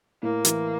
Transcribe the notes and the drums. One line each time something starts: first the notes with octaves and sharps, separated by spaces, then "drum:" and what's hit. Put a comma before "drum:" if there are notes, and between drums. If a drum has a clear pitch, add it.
A2 A#3
E3, drum: hi-hat